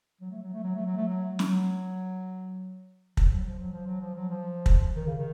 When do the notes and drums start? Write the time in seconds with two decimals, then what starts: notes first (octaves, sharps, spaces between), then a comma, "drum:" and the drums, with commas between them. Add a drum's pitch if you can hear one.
0.21 F#3
0.31 A3
0.43 F#3
0.53 A3
0.64 F#3
0.76 A3
0.86 F#3
0.97 A3
1.08 F#3
1.39 F#3, drum: snare
3.17 F3, drum: kick
3.31 F#3
3.45 F3
3.59 F#3
3.73 F3
3.86 F#3
4.00 F3
4.15 F#3
4.30 F3
4.66 drum: kick
4.96 D#3
5.07 C#3
5.18 D#3